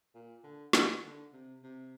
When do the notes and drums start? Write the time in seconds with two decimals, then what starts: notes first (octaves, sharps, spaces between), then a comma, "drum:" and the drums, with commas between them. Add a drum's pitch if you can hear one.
0.15 A#2
0.43 D3
0.73 D#3, drum: snare
1.03 D3
1.33 C3
1.63 C3